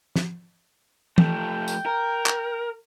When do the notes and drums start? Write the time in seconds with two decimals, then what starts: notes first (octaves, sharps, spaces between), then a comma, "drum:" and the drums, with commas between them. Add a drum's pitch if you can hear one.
0.16 drum: snare
1.18 F3 A3 G5, drum: tom
1.68 drum: tambourine
1.86 A#4
2.26 drum: clap